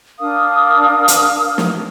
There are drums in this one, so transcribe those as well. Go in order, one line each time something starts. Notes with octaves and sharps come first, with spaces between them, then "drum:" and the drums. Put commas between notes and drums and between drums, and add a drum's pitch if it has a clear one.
D4 A#4 F5 D#6
drum: hi-hat
drum: snare